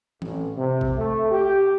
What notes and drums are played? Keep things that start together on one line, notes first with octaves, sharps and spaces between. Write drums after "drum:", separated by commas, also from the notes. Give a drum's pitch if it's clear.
A1, drum: tom E3
C3
drum: kick A1
A3
G4